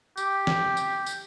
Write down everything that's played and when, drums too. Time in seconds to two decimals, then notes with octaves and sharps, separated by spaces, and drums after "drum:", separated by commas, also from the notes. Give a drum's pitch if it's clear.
0.17 G4, drum: tambourine
0.47 drum: snare
0.77 drum: tambourine
1.06 drum: tambourine